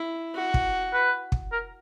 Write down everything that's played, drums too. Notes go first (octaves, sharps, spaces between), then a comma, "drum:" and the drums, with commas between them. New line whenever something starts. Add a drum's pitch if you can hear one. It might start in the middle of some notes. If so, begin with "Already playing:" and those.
Already playing: E4
F#4
drum: kick
B4
drum: kick
A#4